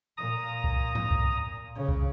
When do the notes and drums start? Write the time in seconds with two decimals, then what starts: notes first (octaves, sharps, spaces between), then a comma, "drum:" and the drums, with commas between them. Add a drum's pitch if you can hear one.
0.17 A#2 A#5 D#6
0.64 drum: kick C2
0.95 drum: tom G#2
1.11 drum: kick C2
1.75 C#3
1.89 drum: kick C2